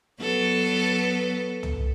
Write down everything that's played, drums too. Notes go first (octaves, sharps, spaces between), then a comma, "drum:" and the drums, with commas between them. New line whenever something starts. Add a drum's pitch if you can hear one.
F#3 B3 A4
drum: tom